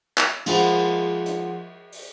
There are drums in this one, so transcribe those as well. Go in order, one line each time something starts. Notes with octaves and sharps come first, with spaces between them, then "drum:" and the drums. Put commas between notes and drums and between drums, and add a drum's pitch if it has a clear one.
drum: clap
F3 G#3 C5 F#5 B5 F7, drum: cymbal
drum: hi-hat
drum: open hi-hat